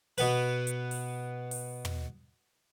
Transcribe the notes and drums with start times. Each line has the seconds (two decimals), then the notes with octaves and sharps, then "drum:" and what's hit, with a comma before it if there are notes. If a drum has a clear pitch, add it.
0.18 B2 B3 B4, drum: open hi-hat
0.67 drum: hi-hat
0.91 drum: open hi-hat
1.51 drum: open hi-hat
1.85 drum: tom